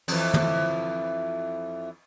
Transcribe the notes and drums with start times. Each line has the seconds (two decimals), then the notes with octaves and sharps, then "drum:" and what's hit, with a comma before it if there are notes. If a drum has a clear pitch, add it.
0.08 F2 E3, drum: cymbal
0.34 drum: tom